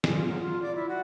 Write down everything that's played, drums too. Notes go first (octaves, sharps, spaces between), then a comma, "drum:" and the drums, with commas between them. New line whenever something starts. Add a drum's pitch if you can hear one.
G#4, drum: snare
F4
F#3
F4
D5
E4
F#4